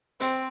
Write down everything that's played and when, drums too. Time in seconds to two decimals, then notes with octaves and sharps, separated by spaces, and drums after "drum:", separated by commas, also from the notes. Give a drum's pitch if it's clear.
0.20 C4, drum: hi-hat